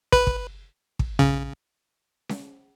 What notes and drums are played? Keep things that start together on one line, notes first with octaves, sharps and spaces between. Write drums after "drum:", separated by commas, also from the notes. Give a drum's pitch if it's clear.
B4, drum: kick
drum: kick
drum: kick
C#3, drum: tom A#1
drum: snare C#4